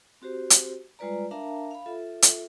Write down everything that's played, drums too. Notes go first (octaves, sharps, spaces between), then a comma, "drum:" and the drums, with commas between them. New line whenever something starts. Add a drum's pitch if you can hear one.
C4 F#4 G4 C5
drum: hi-hat
G3 G#3 F4 B4 D5 A#5
D4 A#4 E5 F5 A5 A#5
F5 B5
F4 A4 E5
drum: hi-hat